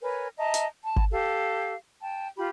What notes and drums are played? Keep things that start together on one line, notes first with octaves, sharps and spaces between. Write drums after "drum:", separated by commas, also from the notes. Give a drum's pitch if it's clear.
A#4 B4 C#5 G#5
D#5 E5 A5 A#5
drum: hi-hat
A5
drum: kick G1
G4 A4 F5
G5 A5
F4 G4 B5